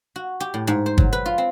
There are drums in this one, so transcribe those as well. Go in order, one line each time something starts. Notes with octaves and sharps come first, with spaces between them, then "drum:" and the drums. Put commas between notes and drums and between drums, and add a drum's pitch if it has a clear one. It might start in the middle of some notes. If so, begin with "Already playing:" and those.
F#4
G4
A2
G#2
C5
F#3, drum: kick G1
B4
F4
C4